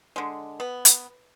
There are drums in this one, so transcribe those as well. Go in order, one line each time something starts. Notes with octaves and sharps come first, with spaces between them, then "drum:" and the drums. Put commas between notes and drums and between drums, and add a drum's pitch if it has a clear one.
D3 G#3
B3
drum: hi-hat